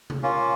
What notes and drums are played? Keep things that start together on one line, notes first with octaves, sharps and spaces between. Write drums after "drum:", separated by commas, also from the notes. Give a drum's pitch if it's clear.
drum: tom C3
A#3 C#4 F4